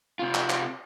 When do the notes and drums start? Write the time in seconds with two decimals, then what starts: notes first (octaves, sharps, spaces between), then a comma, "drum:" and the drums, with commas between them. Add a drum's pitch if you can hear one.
0.19 C3 F4
0.35 drum: clap
0.50 drum: clap